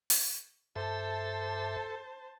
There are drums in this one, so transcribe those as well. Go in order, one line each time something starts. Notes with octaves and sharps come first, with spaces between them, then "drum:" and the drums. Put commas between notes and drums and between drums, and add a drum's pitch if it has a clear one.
drum: open hi-hat
G2 A4 C5 E5 A5